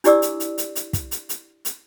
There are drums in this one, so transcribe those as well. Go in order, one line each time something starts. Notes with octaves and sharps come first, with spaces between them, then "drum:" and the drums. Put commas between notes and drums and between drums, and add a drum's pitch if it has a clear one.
D4 E4 G4 D5 D6 E6, drum: hi-hat
drum: hi-hat
drum: hi-hat
drum: hi-hat
drum: hi-hat
drum: kick, hi-hat
drum: hi-hat
drum: hi-hat
drum: hi-hat